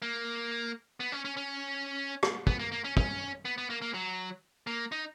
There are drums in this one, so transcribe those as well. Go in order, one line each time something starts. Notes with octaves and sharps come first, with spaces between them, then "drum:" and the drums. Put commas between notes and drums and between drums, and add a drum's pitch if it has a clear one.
A#3
B3
C#4
C#4
C#4
drum: rim click
B3, drum: kick
A#3
A#3
C#4
C#4, drum: kick
B3
B3
A#3
A#3
F#3
A#3
D#4